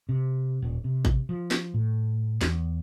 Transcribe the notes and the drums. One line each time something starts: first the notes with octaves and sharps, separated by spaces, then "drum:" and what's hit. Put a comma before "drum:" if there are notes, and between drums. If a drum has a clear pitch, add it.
C3
D#1
C3
drum: kick A1
F3
drum: snare
A2
E2, drum: snare